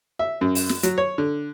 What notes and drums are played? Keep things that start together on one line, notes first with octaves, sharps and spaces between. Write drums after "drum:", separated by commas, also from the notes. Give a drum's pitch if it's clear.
E5
F#2
drum: open hi-hat
drum: snare
F#3, drum: hi-hat
C#5
D3